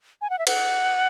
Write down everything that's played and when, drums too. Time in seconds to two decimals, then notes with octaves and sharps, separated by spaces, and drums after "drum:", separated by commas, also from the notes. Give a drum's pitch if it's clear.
0.21 G#5
0.30 F#5
0.39 E5
0.47 F#5, drum: cymbal